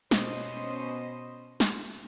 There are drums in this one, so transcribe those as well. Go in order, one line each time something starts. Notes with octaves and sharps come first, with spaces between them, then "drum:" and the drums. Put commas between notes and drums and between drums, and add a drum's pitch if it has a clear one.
B2 C#4 C5 D#5, drum: snare
drum: snare